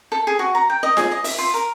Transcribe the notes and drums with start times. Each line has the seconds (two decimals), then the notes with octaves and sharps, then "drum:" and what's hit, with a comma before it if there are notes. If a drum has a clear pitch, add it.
0.12 A4
0.27 G#4
0.39 F#4
0.55 A#5
0.70 G5
0.83 D#5
0.97 G#4, drum: snare F4
1.11 D#5
1.24 E5, drum: open hi-hat
1.38 F4
1.54 A#4